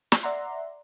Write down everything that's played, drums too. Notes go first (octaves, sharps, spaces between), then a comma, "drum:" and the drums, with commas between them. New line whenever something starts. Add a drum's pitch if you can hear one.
drum: snare
D5 E5 F#5 A#5 C6